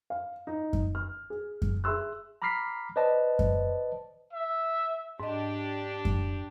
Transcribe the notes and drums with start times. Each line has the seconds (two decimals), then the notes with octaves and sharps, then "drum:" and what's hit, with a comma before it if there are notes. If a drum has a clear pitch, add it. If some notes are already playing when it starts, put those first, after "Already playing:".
0.10 F5
0.47 D#4
0.73 drum: kick F#2
0.95 F6
1.30 G#4
1.62 drum: kick F#2
1.84 G#4 E5 C6 E6 F#6
2.42 A#5 B5 D6 F6 B6 C7
2.96 B4 C5 D5 D#5 A5
3.39 drum: kick F#2
4.33 E5
5.20 G#2 D4 G4 D#5
6.05 drum: kick F#2